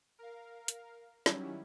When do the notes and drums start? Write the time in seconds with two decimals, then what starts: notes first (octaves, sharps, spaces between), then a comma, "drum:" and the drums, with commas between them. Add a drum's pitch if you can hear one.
0.19 A#4 F5
0.68 drum: hi-hat
1.26 D#3 F#3 G3 C#4 E4, drum: snare